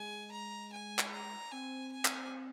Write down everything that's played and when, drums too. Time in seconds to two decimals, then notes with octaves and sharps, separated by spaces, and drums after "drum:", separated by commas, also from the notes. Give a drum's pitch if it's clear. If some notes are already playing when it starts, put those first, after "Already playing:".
Already playing: G#3 G#5
0.32 A#5
0.73 G#5
0.99 drum: clap
1.12 A#5
1.52 C4 G#5
1.92 G#5
2.05 drum: clap